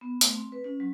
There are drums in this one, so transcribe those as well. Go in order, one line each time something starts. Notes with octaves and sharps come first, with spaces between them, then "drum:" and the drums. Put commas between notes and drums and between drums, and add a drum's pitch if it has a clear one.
B3
A3, drum: hi-hat
C4
B4
C#4
F#3